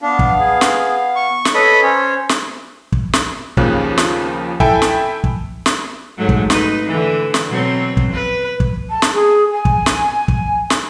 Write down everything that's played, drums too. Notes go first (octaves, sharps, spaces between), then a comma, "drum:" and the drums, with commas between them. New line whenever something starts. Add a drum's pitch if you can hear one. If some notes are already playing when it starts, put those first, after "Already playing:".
B3 D4 F5
drum: kick
G#4
drum: snare
C#6
drum: snare
A4 B4 C#5 D#5 B5
C#4 C5 C#5
drum: snare
drum: kick
drum: snare
D#2 C#3 F3 A#3 F#6, drum: kick
drum: snare
E4 A4 E5 G5 G#5 B5, drum: kick
drum: snare
drum: kick
drum: snare
G#2 F#3 A3
drum: kick
D#4 B4, drum: snare
D3 E3
drum: snare
B2 F#3 C4
drum: kick
B4
drum: kick
A5
drum: snare
G#4
G#5
drum: kick
drum: snare
drum: kick
drum: snare